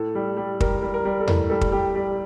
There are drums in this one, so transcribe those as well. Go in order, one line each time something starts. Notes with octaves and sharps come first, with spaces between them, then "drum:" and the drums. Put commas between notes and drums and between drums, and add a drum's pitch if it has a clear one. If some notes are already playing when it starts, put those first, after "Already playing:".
Already playing: A2 A4
G3
G3
G3 A#4, drum: kick
G3
A#4
G3
A4
A2 A#4, drum: tom E2
G3 A4
drum: kick
G3 G4
G3 G4